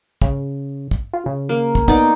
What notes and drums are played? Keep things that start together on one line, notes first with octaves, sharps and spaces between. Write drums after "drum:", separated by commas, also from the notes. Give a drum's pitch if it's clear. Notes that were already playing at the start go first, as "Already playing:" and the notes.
C#3, drum: kick
drum: kick
F4
C#3
A#3
drum: kick
B3 D#4 D5, drum: kick